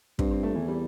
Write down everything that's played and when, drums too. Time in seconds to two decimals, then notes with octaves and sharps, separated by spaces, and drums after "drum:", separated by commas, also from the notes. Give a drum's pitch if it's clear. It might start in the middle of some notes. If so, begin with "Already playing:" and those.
0.19 G2 C4, drum: kick
0.31 C4
0.43 A3
0.55 E2 E3
0.68 G3